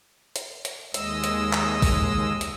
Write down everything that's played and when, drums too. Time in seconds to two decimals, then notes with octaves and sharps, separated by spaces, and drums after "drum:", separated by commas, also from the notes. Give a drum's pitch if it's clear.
0.36 drum: hi-hat
0.65 drum: hi-hat
0.94 D#2 G#3 D#5 E6, drum: hi-hat
1.24 drum: hi-hat
1.53 drum: clap
1.82 drum: kick A#1, open hi-hat
2.41 drum: hi-hat